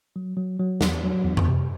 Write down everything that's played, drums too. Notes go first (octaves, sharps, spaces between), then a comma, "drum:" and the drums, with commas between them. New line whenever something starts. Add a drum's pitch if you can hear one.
F#3
F#3
F#3
E2, drum: snare
F#3
E2
drum: tom F2
C3